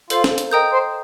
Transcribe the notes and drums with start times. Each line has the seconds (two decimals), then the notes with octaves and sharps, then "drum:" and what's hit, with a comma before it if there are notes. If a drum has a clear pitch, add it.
0.10 F4 A4 C5 F5, drum: hi-hat
0.24 drum: snare
0.38 drum: hi-hat
0.51 A#4 D#5 G5 A#5 D#6 G6
0.72 C5